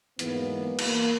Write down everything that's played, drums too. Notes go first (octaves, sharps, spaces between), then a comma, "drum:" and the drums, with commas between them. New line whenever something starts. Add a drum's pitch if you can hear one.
E2 G#2 E3 F#3 A#3 B3, drum: hi-hat
A#3, drum: cymbal